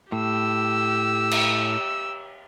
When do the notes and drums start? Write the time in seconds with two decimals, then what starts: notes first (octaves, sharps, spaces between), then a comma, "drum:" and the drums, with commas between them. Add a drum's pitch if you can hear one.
0.12 A2 G4 E6
1.31 drum: cymbal